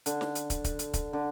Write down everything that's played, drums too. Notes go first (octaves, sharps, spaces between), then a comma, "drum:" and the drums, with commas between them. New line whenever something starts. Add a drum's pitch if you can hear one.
D3, drum: hi-hat
drum: snare
drum: hi-hat
drum: kick, hi-hat
drum: kick, hi-hat
drum: hi-hat
drum: kick, hi-hat
D3